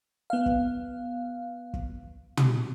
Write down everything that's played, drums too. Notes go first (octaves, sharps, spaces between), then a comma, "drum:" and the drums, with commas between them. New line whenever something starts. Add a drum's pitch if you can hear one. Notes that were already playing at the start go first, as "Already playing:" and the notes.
B3 F5
drum: kick
drum: kick
drum: tom